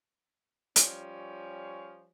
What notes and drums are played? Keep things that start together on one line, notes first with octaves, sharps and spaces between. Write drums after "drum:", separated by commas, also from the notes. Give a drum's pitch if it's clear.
F3 G3 C#4, drum: hi-hat